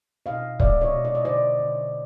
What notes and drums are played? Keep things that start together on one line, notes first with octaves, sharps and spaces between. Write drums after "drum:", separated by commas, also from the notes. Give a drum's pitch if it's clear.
B2 D#5 F5
G#3 D5 E5, drum: kick
C#5 D#5
B2
D5
D#5
D3 C5 D5
D3